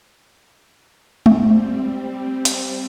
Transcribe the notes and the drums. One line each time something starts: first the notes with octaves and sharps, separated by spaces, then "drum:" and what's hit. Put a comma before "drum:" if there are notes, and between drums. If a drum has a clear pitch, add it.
G3 C4, drum: tom G#3
drum: hi-hat